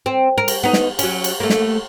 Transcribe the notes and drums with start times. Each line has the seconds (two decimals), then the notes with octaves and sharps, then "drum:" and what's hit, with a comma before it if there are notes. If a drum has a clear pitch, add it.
0.06 C4
0.38 A#4
0.48 drum: cymbal
0.63 B3 D#4
0.73 drum: snare
0.99 F#3 C#4, drum: cymbal
1.24 drum: cymbal
1.40 A3 A#3
1.50 drum: snare